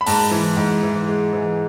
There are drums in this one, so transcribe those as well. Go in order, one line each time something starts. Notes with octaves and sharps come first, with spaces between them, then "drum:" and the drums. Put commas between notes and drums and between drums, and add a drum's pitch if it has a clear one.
B5
G#2 A5, drum: open hi-hat
E3
G#2
E3
G#3
E3